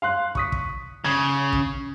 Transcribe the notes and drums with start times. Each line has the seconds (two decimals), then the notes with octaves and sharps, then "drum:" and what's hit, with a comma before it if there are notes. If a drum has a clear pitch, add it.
0.02 F5 C6 F#6
0.35 C#6 D#6 B6, drum: kick
0.52 drum: kick
1.04 C#3 G#6
1.53 drum: kick